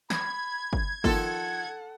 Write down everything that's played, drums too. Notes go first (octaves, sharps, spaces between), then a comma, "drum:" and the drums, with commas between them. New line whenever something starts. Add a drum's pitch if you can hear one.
B5 G#6, drum: snare
drum: kick
D#3 F3 A4 F#5, drum: kick